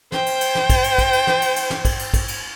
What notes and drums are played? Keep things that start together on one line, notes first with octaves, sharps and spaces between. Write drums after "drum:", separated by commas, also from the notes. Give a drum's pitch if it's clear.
C5 G5, drum: snare
drum: cymbal
drum: cymbal
drum: snare
drum: kick, cymbal
drum: cymbal
drum: kick, cymbal
drum: cymbal
drum: snare
drum: cymbal
drum: cymbal
drum: snare
drum: kick, cymbal
drum: cymbal
drum: kick, cymbal
drum: cymbal